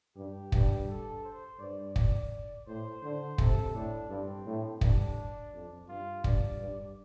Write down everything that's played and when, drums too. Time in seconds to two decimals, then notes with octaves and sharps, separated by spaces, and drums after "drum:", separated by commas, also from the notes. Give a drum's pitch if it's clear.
0.17 G2 G4
0.52 G2, drum: kick
0.88 A4
1.24 C5
1.59 G2 D5
1.96 D5, drum: kick
2.67 A2 C5
3.03 D3 C5
3.38 C3 A4, drum: kick
3.74 A2 D4
4.10 G2 C4
4.46 A2
4.81 G2 D4, drum: kick
5.53 F2
5.88 G2 F4
6.24 G2 D5, drum: kick
6.60 G2